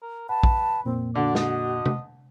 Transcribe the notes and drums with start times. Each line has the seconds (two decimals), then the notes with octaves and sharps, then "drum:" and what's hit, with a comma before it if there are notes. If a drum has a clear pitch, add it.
0.02 A#4
0.29 B4 F#5 A5
0.43 drum: kick
0.85 F2 A#2 A#3 C4
1.15 D3 F#4 D5
1.35 D#5, drum: snare
1.86 drum: tom C3